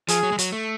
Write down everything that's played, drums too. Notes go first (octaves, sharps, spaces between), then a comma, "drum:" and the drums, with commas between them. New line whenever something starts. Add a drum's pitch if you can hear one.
F3 G#4, drum: hi-hat
F#3
G#3
F#3, drum: hi-hat
A3